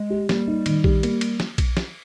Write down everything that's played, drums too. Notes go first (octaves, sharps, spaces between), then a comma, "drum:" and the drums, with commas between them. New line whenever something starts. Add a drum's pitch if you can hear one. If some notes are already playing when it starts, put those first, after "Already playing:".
Already playing: G#3
G4
G3 A#3, drum: snare
D#4
D#3, drum: cymbal
G4, drum: kick A#1
A#3, drum: cymbal
drum: cymbal
drum: snare
drum: kick A#1, cymbal
drum: snare